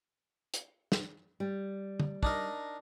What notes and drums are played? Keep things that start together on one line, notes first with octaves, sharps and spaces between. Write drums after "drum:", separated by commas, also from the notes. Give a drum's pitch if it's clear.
drum: hi-hat
drum: snare
G3
drum: tom
D4 D#4 A#4, drum: kick